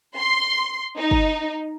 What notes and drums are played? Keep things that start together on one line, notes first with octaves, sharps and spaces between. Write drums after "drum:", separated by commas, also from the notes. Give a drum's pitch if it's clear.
C6
D#4
drum: kick